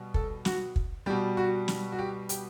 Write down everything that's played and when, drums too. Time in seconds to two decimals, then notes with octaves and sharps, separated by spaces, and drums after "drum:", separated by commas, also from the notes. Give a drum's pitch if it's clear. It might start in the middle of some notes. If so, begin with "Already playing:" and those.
Already playing: B2 G3
0.14 A4, drum: kick
0.45 F#4, drum: snare
0.76 drum: kick
1.06 B2 G3 G4
1.37 F#4
1.68 drum: snare
1.92 F#4
1.99 G4
2.29 G4, drum: hi-hat